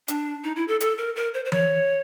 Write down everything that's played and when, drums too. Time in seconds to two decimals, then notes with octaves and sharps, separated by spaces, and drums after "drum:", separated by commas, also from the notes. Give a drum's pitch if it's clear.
0.08 D4, drum: hi-hat
0.44 D#4
0.56 E4
0.68 A4
0.80 A4, drum: hi-hat
0.98 A#4
1.16 A#4
1.34 C5
1.45 C5
1.52 C#5, drum: tom E3